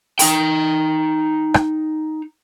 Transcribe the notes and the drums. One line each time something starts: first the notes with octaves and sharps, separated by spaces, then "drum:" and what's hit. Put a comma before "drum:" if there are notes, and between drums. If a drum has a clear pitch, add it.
D#4 G5, drum: open hi-hat
drum: rim click